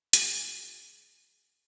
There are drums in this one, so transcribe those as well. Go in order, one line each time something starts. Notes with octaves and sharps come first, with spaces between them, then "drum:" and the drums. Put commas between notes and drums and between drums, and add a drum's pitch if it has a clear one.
F#4 G#4, drum: hi-hat